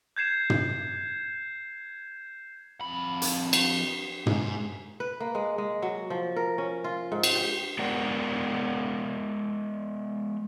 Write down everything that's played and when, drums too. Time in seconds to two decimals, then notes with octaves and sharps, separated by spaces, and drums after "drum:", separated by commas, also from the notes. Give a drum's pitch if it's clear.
0.16 G6 G#6 C7 E7
0.50 drum: tom
2.81 F2 B5
3.22 drum: hi-hat
3.53 drum: cymbal
4.26 G#2, drum: tom
5.00 B4
5.20 A#3
5.35 G#3
5.58 G#3
5.82 F#3
6.10 F3
6.36 A#4
6.58 C#4
6.84 F4
7.12 G#2
7.23 drum: cymbal
7.36 G4
7.79 G#3 B3 A#4 D5 F#5 G5